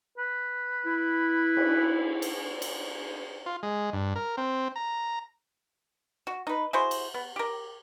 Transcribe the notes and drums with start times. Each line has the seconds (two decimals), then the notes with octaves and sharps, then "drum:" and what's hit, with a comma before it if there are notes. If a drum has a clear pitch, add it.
0.18 B4
0.86 E4
1.57 drum: cymbal
2.22 drum: cymbal
2.62 drum: cymbal
3.46 F4
3.63 G#3
3.93 G2
4.16 A#4
4.37 C4
4.76 A#5
6.27 F#4
6.47 D#4 B4
6.73 E4 F#4 G#4 C5
6.91 drum: cymbal
7.14 B3
7.36 G4 A#4